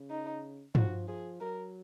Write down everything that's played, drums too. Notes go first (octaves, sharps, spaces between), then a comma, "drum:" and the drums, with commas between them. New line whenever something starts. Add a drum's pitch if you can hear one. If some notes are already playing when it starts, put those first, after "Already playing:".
Already playing: C#3
D#4
F3 F#4, drum: tom
F3 G#4
F#3 A#4